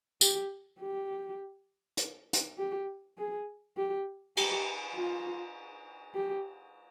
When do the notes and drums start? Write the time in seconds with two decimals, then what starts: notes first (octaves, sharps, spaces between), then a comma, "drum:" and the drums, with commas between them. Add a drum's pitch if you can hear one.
0.21 G4, drum: tambourine
0.80 G4
1.97 drum: hi-hat
2.33 drum: hi-hat
2.58 G4
3.18 G#4
3.76 G4
4.37 G4, drum: cymbal
4.95 F4
6.15 G4